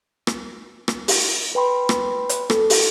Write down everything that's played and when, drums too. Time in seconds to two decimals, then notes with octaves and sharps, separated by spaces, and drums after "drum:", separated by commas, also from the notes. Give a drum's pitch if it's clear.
0.27 drum: rim click
0.88 drum: rim click
1.08 drum: open hi-hat
1.55 B4 G5 B5 C6
1.89 drum: rim click
2.29 drum: hi-hat
2.50 A4, drum: rim click
2.70 drum: open hi-hat